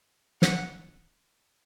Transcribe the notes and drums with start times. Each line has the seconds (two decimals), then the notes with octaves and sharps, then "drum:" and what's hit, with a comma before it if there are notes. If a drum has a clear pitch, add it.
0.42 F#5, drum: snare